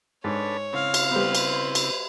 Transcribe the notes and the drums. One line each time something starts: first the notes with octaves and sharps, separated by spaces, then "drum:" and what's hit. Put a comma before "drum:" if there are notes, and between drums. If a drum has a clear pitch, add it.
G#2 D4 A4 B4 C#5
C#3 C4 E4 F5
drum: cymbal
G3 B3 B4 C5
drum: cymbal
drum: cymbal